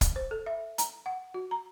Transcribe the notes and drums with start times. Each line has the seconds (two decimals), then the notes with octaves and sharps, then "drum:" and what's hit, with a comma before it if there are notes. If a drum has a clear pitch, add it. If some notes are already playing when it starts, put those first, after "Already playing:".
0.01 drum: kick, hi-hat
0.16 C5
0.31 A4
0.46 E5
0.78 A#5, drum: hi-hat
1.06 F#5
1.34 F#4
1.51 A#5